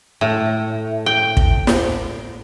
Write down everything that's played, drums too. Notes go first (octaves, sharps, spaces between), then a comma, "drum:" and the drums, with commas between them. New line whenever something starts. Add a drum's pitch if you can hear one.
A2
G5
drum: kick
drum: snare